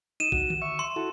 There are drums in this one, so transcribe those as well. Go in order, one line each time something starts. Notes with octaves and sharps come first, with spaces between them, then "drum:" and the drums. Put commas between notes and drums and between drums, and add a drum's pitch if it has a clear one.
D#4 D#7 E7
F#4, drum: kick
drum: tom D3
E5 C#6
C6
E4 F#4 A4